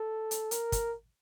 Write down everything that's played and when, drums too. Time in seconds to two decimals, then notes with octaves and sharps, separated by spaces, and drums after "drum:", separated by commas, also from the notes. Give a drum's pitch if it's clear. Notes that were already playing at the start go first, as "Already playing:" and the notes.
Already playing: A4
0.31 drum: hi-hat
0.51 A#4, drum: hi-hat
0.72 drum: kick, hi-hat